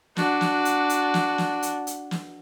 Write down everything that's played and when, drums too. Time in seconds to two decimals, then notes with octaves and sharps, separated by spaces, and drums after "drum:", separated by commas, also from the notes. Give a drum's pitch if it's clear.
0.17 D4 F#4, drum: snare
0.41 drum: snare
0.65 drum: hi-hat
0.89 drum: hi-hat
1.14 drum: snare
1.38 drum: snare
1.62 drum: hi-hat
1.87 drum: hi-hat
2.11 drum: snare